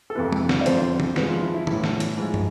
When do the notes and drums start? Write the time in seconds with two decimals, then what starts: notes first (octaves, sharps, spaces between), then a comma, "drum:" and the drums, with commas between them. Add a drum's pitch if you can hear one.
0.10 A4
0.15 F2 C3 E3 B4
0.33 drum: tom G#3
0.49 drum: snare
0.61 D5
0.66 F2 D3 F3 C5, drum: hi-hat
1.00 drum: tom
1.16 G#2 F3 B4, drum: snare
1.29 F4
1.41 E4
1.54 E4
1.67 A2 E3, drum: tom
1.84 drum: snare
2.00 drum: hi-hat
2.17 G#2 F3
2.34 drum: tom